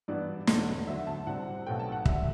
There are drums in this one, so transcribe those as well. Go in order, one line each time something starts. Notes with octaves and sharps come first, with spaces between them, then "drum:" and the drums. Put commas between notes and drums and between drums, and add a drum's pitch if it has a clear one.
G2 E3 G3 B3 D4 D5
E1 E2 D3 A3 D4, drum: snare
D2 D3 F#3 E5
A5
C2 C3 G3 C4 F#5
B1 B2 A3 G5
A5
F#5
D2 D3 G3 E5, drum: kick